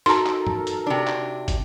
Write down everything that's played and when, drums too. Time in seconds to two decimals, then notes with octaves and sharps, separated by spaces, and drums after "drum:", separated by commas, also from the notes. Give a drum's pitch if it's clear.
0.06 D#4 F#4 A4 A#4 A#5 C6
0.26 drum: clap
0.47 drum: tom
0.67 drum: hi-hat
0.87 C3 D4
1.07 drum: clap
1.48 drum: kick, hi-hat